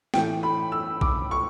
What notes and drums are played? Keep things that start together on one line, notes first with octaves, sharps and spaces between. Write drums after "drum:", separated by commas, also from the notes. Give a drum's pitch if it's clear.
A2 E3 A3 G5, drum: snare
B5
E6
D6, drum: kick B1
C#6